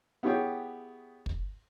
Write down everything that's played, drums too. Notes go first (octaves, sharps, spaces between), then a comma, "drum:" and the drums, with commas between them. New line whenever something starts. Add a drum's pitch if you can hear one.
B3 E4 G4 G#4 C#5 G5
drum: kick